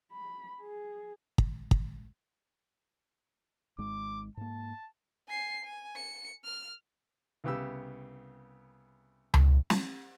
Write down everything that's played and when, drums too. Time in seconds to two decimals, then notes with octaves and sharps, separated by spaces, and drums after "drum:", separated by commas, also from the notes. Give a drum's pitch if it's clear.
0.12 B5
0.61 G#4
1.38 drum: kick
1.71 drum: kick
3.78 G#1 G#2 G#3 D6
4.37 G#2 A#3 A5
5.29 G#5 C7
5.64 G#5
5.96 C#7
6.44 F6
7.44 C2 C#3 B3 G4 E6
9.34 drum: tom C#2
9.70 drum: snare